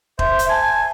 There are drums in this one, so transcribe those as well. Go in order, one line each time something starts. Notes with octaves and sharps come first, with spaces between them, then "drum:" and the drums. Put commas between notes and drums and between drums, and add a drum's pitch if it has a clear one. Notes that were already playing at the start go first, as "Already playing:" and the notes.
C5 E5, drum: kick E1
drum: hi-hat
G#5 A5